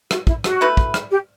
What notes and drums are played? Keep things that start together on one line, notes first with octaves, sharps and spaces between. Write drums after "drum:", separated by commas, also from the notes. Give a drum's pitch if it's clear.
F#4, drum: rim click
E4, drum: kick
F#4, drum: rim click
B2 A3 E4 B4
drum: kick
drum: rim click
G4